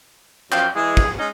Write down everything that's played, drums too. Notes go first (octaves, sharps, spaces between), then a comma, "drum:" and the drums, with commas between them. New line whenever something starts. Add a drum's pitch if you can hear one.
F#2 F3 F5 G5, drum: clap
E3 G#3 G#4
drum: kick
G#3 C#4 D#4